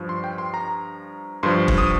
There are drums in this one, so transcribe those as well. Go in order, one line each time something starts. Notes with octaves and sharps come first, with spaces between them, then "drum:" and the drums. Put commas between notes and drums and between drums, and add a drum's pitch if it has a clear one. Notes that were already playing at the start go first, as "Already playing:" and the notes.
Already playing: G2 F3
C6
G5
C6
A#5
G2 F3 C6
drum: kick
D#6